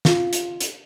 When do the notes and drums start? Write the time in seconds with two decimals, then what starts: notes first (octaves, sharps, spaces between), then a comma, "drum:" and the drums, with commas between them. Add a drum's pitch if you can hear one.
0.05 F4, drum: snare
0.33 drum: hi-hat
0.60 drum: hi-hat